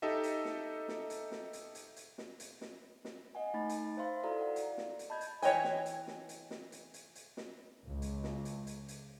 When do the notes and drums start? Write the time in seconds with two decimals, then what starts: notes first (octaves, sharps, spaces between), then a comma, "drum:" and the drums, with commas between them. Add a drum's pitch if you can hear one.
0.02 D#4 G4 A4 D#5 E5
0.23 drum: hi-hat
0.45 drum: snare
0.88 drum: snare
1.10 drum: hi-hat
1.32 drum: snare
1.53 drum: hi-hat
1.75 drum: hi-hat
1.96 drum: hi-hat
2.18 drum: snare
2.40 drum: hi-hat
2.61 drum: snare
3.05 drum: snare
3.35 D#5 F#5 G#5
3.54 A3 D#4 B5 A6
3.69 drum: hi-hat
3.97 C5 E5 F5 C6
4.23 E4 F#4 A4 D5 F5 A#5
4.39 D5 F#5
4.56 drum: hi-hat
4.78 drum: snare
4.99 drum: hi-hat
5.09 D#5 A5 B5 G6 G#6
5.21 drum: hi-hat
5.42 E3 C#5 D#5 G5 G#5, drum: hi-hat
5.64 drum: snare
5.86 drum: hi-hat
6.07 drum: snare
6.29 drum: hi-hat
6.51 drum: snare
6.72 drum: hi-hat
6.94 drum: hi-hat
7.15 drum: hi-hat
7.37 drum: snare
7.87 C#2
8.02 drum: hi-hat
8.24 drum: snare
8.45 drum: hi-hat
8.67 drum: hi-hat
8.88 drum: hi-hat